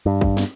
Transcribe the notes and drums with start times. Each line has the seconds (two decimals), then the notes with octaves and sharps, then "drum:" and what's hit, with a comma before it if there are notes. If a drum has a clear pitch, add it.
0.06 G2
0.21 drum: kick
0.37 drum: snare